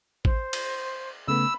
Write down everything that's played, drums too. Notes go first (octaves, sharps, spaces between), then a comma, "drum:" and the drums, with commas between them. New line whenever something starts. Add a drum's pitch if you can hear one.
C5, drum: kick A1
drum: cymbal
C#3 A3 B3 B5 E6